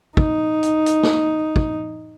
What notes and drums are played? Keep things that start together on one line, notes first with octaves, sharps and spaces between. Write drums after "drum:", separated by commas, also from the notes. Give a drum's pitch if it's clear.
D#4, drum: kick
drum: hi-hat
drum: hi-hat
drum: snare
drum: kick